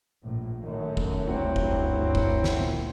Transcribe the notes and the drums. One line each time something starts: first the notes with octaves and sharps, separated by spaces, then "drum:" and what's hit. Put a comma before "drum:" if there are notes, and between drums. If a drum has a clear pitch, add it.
A#1 A2
F#2 D#3 A3
drum: kick
D2 G2 F#3 C4 E4
drum: kick
drum: kick
drum: snare
A#2